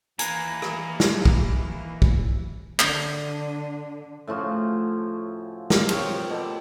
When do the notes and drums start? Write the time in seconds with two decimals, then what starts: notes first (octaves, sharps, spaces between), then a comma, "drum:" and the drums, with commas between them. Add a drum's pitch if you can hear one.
0.19 E3 A#3 D#4 B4 G#5 A#5, drum: hi-hat
0.62 drum: rim click
1.00 drum: snare
1.25 drum: kick
2.02 drum: kick
2.79 D3, drum: clap
4.27 A2 C#3 F3 F#4
5.70 A#4, drum: snare
5.89 F3 C4 C#5 G5, drum: cymbal
6.30 B2 G4 A4